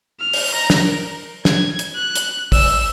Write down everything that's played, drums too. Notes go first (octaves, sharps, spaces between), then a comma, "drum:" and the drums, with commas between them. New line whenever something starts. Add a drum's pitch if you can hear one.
F6
drum: open hi-hat
A#5
drum: snare
A#4
G#6, drum: snare
drum: hi-hat
F#6
drum: hi-hat
E6, drum: kick, open hi-hat